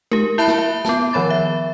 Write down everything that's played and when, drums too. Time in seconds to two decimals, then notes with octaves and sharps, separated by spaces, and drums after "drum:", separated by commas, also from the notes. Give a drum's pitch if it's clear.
0.11 G4 A#4, drum: tom G#3
0.38 E4 E5 A5 B5 F#6
0.47 drum: snare
0.58 E5
0.85 B3 A5, drum: snare
1.13 D#3 F3 C#5 B5 A6
1.30 E5